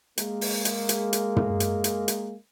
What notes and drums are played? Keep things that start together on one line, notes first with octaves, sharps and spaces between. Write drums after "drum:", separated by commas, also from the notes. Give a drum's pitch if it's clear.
G#3 A#3, drum: hi-hat
drum: open hi-hat
drum: hi-hat
drum: hi-hat
drum: hi-hat
drum: tom
drum: hi-hat
drum: hi-hat
drum: hi-hat